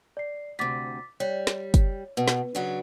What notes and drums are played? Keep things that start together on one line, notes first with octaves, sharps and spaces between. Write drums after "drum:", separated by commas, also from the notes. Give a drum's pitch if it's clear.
D5 C7
D2 C3 D6 A6 B6
G3 C#5
drum: snare
drum: kick, hi-hat
B2 B4
drum: snare
C#3 F#3 D4